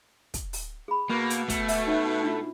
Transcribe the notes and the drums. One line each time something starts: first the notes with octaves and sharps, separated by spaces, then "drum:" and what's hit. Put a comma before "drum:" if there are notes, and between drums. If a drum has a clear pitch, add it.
drum: kick, hi-hat
drum: open hi-hat
G#4 B5
B2 A#3
drum: hi-hat
A3, drum: kick, hi-hat
E5 D6, drum: open hi-hat
C#4 D#4 C#5
D4 F4